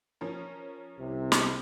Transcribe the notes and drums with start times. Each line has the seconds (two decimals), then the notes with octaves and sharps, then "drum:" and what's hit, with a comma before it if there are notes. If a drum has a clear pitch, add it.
0.21 F3 C#4 A#4
0.99 C2 C3
1.32 drum: snare